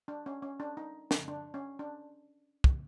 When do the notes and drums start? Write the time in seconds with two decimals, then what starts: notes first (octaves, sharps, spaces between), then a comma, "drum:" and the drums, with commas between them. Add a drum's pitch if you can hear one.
0.08 D4
0.26 C#4
0.42 C#4
0.60 D4
0.77 D#4
1.11 drum: snare
1.28 D4
1.54 C#4
1.79 D4
2.64 drum: kick